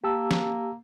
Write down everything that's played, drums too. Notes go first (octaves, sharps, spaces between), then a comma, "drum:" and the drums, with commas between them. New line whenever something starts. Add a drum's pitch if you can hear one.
A#3 G4 A5 E6
drum: snare